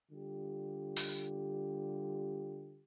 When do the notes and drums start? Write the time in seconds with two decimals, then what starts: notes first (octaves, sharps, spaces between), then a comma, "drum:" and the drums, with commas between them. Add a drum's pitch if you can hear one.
0.12 D3 G3 F4 G4
0.96 drum: open hi-hat